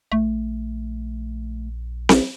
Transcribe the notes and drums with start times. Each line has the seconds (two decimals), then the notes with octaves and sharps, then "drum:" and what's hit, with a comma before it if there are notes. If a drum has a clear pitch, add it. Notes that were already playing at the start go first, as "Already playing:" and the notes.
0.12 A#1 A3
2.09 drum: snare C4